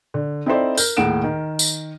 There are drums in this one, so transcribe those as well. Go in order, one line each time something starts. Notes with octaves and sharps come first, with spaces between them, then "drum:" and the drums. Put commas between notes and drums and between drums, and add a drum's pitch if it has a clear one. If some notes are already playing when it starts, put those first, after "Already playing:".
D3
C4 D#4 E4 A4 C5 D5
A#4 F6 G6, drum: tambourine
D#2 A2 G#4 F#5 D7 E7
D#3
drum: tambourine